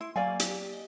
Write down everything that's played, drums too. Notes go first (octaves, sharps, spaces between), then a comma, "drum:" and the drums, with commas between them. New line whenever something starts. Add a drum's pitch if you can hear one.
E4 C6
F#3 A#3 D5 F5 G#5
G4, drum: hi-hat
D#5